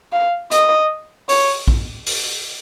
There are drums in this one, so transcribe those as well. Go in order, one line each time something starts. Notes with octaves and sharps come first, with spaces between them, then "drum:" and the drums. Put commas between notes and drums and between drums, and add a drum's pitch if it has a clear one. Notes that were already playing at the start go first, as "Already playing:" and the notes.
F5
D#5, drum: hi-hat
C#5, drum: open hi-hat
drum: kick A#1
drum: open hi-hat